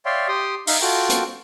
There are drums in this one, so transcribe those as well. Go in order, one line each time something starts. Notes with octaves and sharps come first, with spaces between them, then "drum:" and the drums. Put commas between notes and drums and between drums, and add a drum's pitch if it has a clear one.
C#5 D5 E5 F5 G5 C6
G4 G5 C6 D#6
D#4 E5 F5, drum: open hi-hat
F4 F#4 A4 G5
drum: hi-hat